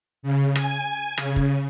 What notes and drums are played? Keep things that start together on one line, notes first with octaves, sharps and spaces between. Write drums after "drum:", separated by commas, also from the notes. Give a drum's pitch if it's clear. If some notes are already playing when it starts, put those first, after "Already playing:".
C#3
G#5, drum: rim click
C#3, drum: rim click
drum: kick